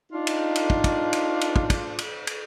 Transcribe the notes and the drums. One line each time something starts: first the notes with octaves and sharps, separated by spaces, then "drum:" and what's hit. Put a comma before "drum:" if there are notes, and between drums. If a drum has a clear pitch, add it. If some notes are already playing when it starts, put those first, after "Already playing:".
D4 D#4 F4
drum: cymbal
drum: cymbal
drum: kick
drum: kick, cymbal
drum: cymbal
drum: cymbal
drum: kick
drum: kick, cymbal
drum: cymbal
drum: cymbal